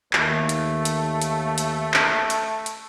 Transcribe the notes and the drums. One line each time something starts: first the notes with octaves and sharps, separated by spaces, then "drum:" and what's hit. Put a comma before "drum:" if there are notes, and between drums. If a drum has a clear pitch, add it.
D#2 A3, drum: clap
drum: hi-hat
drum: hi-hat
drum: hi-hat
drum: hi-hat
drum: clap
drum: hi-hat
drum: hi-hat